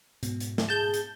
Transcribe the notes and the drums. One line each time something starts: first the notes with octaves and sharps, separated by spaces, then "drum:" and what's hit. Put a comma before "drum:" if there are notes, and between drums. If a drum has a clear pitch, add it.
G#2 B2, drum: hi-hat
drum: hi-hat
drum: snare
G#4 A5 G6
drum: hi-hat